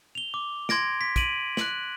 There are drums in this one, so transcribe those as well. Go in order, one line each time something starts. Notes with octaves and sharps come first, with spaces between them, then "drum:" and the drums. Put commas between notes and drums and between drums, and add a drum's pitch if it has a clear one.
F7 G7
D6
C6 G#6 A#6 D7, drum: snare
B6
D7 D#7 F#7, drum: kick, hi-hat
F#6 F#7, drum: snare